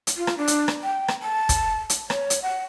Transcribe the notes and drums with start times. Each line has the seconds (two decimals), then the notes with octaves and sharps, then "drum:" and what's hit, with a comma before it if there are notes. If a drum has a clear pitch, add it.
0.07 drum: hi-hat
0.17 F4
0.27 drum: rim click
0.37 D4
0.48 drum: hi-hat
0.68 drum: rim click
0.83 G5
1.08 drum: rim click
1.23 A5
1.49 drum: kick, hi-hat
1.90 drum: hi-hat
2.10 C#5, drum: rim click
2.30 drum: hi-hat
2.42 F#5